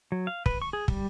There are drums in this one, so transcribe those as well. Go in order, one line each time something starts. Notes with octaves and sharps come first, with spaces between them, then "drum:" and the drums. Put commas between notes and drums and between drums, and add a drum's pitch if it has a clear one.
F#3
F5
B4, drum: kick
C#6
G#4
G3, drum: kick